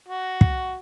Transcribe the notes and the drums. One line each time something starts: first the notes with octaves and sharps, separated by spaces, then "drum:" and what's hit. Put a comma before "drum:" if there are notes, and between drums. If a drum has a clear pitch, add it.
F#4
drum: kick